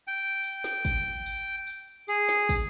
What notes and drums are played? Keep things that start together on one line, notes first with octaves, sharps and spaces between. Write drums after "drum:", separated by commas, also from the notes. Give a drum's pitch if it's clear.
G5
drum: tambourine
drum: snare
drum: kick, tambourine
drum: tambourine
drum: tambourine
G#4, drum: tambourine
drum: snare
drum: kick, tambourine